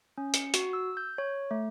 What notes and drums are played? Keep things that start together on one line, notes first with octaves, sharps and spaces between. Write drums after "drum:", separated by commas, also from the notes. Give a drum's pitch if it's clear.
C#4
C#7, drum: hi-hat
F#4, drum: hi-hat
E6
G6
C#5
A3